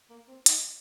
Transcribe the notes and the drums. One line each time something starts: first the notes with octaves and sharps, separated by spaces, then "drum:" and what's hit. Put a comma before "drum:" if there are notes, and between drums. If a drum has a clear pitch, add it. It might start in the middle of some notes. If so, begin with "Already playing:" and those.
A#3
C4
D#4, drum: hi-hat